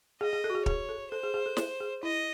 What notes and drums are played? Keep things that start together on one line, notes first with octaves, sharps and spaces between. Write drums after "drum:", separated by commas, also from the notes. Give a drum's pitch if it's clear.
G#4 D#5
G#4
A4
F#4
G#4
G#4 C#5, drum: kick
A4
A4 C5
G#4
G#4
A4
A4, drum: snare
G#4
E4 D#5